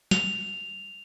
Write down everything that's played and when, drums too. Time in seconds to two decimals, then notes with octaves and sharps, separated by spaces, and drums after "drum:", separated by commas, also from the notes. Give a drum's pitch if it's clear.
0.11 F7, drum: snare